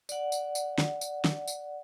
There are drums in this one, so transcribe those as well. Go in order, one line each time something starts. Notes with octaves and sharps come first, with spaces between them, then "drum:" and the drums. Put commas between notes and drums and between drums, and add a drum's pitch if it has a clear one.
D5 F#5, drum: tambourine
drum: tambourine
drum: tambourine
drum: snare
drum: tambourine
drum: snare
drum: tambourine